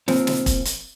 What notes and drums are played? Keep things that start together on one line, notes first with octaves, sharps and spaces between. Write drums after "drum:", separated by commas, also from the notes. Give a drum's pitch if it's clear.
A#2 F3 C4, drum: snare
drum: snare
drum: kick E1, hi-hat
drum: hi-hat